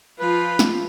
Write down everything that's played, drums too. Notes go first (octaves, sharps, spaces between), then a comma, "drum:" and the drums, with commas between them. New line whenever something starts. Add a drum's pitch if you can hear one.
F3 F4 B4
drum: snare